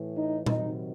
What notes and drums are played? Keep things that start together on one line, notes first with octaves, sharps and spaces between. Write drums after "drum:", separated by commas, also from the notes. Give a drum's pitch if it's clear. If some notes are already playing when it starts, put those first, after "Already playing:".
Already playing: A2 E3
D#4
C3 D#3 F#3 D#4, drum: tom A#2